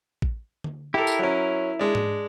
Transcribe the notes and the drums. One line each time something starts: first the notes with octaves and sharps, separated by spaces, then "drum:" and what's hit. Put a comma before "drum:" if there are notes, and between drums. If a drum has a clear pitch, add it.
drum: kick A1
drum: tom D3
E4 G4 A4 A#4
drum: tambourine
F#3 C#4
G#3 D4
drum: tom G#2